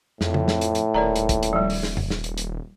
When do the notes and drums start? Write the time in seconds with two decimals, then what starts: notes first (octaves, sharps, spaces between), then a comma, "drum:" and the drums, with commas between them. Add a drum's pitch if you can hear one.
0.21 F2 A2, drum: snare
0.34 drum: tom
0.48 drum: snare
0.61 drum: hi-hat
0.75 drum: hi-hat
0.94 D#1 A#4 D5 A#5
1.16 drum: hi-hat
1.29 drum: kick, hi-hat
1.43 drum: hi-hat
1.53 F3 G3
1.70 drum: open hi-hat
1.83 drum: snare
1.97 drum: tom F2
2.10 drum: snare
2.24 drum: hi-hat
2.38 drum: hi-hat